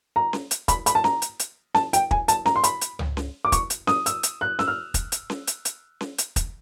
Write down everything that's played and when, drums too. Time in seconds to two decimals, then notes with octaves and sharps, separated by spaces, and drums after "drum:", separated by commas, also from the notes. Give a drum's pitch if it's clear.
0.16 A#5
0.33 drum: snare C#4
0.51 drum: hi-hat
0.68 B5, drum: kick, hi-hat
0.86 B5, drum: hi-hat
0.95 A5
1.04 A#5, drum: snare C#4
1.22 drum: hi-hat
1.39 drum: hi-hat
1.75 A5, drum: snare C#4
1.93 G5, drum: hi-hat
2.11 G#5, drum: kick
2.28 A5, drum: hi-hat
2.46 A#5, drum: snare C#4
2.56 C6
2.64 B5, drum: hi-hat
2.81 drum: hi-hat
2.99 drum: tom C#2
3.17 drum: snare C#4
3.45 D6
3.52 C#6, drum: kick, hi-hat
3.70 drum: hi-hat
3.87 D#6, drum: snare C#4
4.06 E6, drum: hi-hat
4.23 drum: hi-hat
4.41 F#6
4.59 E6, drum: snare C#4
4.67 F6
4.94 drum: kick, hi-hat
5.12 drum: hi-hat
5.30 drum: snare C#4
5.47 drum: hi-hat
5.65 drum: hi-hat
6.01 drum: snare C#4
6.18 drum: hi-hat
6.36 drum: kick, hi-hat